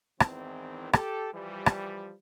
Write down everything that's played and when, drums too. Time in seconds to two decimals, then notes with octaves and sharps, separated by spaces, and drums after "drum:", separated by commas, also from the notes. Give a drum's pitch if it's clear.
0.20 G#1 E2 D#3 E3 C4, drum: rim click
0.93 G4 A4, drum: rim click
1.34 E3 F3 G3
1.66 drum: rim click